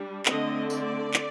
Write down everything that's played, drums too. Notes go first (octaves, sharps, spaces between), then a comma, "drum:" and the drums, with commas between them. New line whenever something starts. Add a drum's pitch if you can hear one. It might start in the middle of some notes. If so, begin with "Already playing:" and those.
Already playing: G3 D4
D3 A3 C4 D#5, drum: clap
D5, drum: tambourine
drum: clap